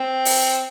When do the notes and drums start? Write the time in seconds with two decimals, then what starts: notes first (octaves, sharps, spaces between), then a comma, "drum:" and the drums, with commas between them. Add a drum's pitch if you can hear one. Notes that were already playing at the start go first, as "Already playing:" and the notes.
Already playing: C4
0.25 drum: open hi-hat